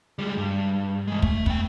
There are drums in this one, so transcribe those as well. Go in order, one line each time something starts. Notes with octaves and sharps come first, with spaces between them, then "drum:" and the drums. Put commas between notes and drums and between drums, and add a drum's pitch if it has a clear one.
G3 G#3
G2
E3 G#3
A3, drum: kick
B3 G5, drum: kick